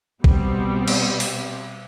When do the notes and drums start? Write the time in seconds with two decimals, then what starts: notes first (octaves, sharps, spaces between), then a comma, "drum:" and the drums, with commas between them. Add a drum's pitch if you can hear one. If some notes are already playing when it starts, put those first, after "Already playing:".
0.24 B2 G3 C4, drum: kick
0.88 drum: cymbal
1.20 drum: open hi-hat